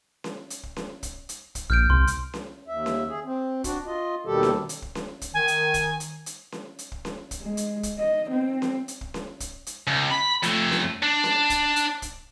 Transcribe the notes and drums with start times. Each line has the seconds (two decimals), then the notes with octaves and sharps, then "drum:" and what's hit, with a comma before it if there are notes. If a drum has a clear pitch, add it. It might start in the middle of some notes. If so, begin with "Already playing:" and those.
0.24 drum: snare C#4
0.50 drum: hi-hat
0.63 drum: kick
0.76 drum: snare C#4
1.03 drum: kick, hi-hat
1.29 drum: hi-hat
1.55 drum: kick, hi-hat
1.70 A#1 F6 G6 D7
1.90 C2 C6
2.07 drum: hi-hat
2.34 drum: snare C#4
2.68 D#2 E5
2.86 drum: snare C#4
3.08 G#4
3.25 C4
3.64 D4 F#4, drum: kick, hi-hat
3.86 F4 D#5
4.25 D#2 B2 D#3 G3 G4 A4
4.43 drum: snare C#4
4.69 drum: hi-hat
4.82 drum: kick
4.95 drum: snare C#4
5.21 drum: kick, hi-hat
5.33 D#3 G#5
5.48 drum: hi-hat
5.74 drum: kick, hi-hat
6.00 drum: hi-hat
6.26 drum: hi-hat
6.52 drum: snare C#4
6.79 drum: hi-hat
6.92 drum: kick
7.05 drum: snare C#4
7.31 drum: kick, hi-hat
7.42 G#3
7.57 drum: hi-hat
7.83 drum: kick, hi-hat
7.98 D#5
8.30 C4
8.62 drum: snare C#4
8.88 drum: hi-hat
9.01 drum: kick
9.14 drum: snare C#4
9.40 drum: kick, hi-hat
9.67 drum: hi-hat
9.87 C#2
10.11 B5
10.43 F2 A3, drum: hi-hat
10.71 drum: snare C#4
11.03 D4
11.24 drum: snare C#4
11.50 drum: kick, hi-hat
11.76 drum: hi-hat
12.02 drum: kick, hi-hat